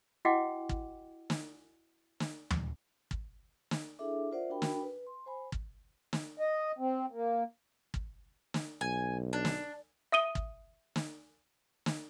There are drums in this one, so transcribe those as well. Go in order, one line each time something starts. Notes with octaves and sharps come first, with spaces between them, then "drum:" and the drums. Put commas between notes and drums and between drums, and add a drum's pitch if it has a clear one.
E4 F#4 D#5 F#5 G5 D6
drum: kick
drum: snare
drum: snare
drum: tom
drum: kick
drum: snare
D4 E4 G#4 A4 E5 D6
F4 A#4 C5 D5 E5 F#5
D4 F#4 A#4 G5 B5
drum: snare
B4
C6
C5 G#5 B5
drum: kick
drum: snare
D#5
C4
A#3
drum: kick
drum: snare
B1 G#5
D4
drum: snare
E5 D#6 D#7 G7
drum: kick
drum: snare
drum: snare